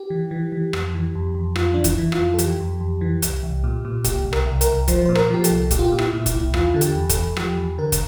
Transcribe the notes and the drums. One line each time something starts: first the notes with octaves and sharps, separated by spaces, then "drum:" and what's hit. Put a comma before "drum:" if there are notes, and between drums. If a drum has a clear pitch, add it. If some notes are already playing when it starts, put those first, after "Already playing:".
Already playing: G4
E3
E3
E3
F2, drum: rim click
E3
F2
F2
F2 F4, drum: rim click
E3 D4
E4, drum: kick, hi-hat
E3
F4, drum: rim click
F2
A4
E3 G4, drum: hi-hat
F2
F2
E3
C2, drum: hi-hat
C2
A#2
A#2
C2 G4, drum: kick, hi-hat
C2
A#4, drum: rim click
C2
A#4, drum: hi-hat
C2
F3 C5, drum: kick, hi-hat
A#2 C5
A#4, drum: rim click
F3 G4
A4, drum: hi-hat
C2
A#2 G4, drum: kick, hi-hat
F4
G4
A#2
E4, drum: rim click
A#2
E4, drum: kick, hi-hat
C2
E2 F4, drum: rim click
D3 A4
G4, drum: hi-hat
E2
A4, drum: kick, hi-hat
E2
F3 G4, drum: rim click
E2
D3 A#4
drum: kick, hi-hat